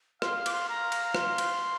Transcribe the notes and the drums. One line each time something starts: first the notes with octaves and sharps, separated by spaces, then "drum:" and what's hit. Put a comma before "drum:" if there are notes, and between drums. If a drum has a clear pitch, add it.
F5 C6, drum: rim click
F6
D6, drum: cymbal
C6
F5 A#5
drum: cymbal
C6, drum: rim click
drum: cymbal